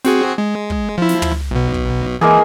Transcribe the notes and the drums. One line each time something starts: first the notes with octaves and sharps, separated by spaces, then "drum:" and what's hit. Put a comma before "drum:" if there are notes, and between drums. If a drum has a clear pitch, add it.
C4 F#4 G#4, drum: snare
G#3
drum: kick
F3 E4
drum: snare
drum: tom
B1 B2
drum: kick
E3 G#3 A#3 G#4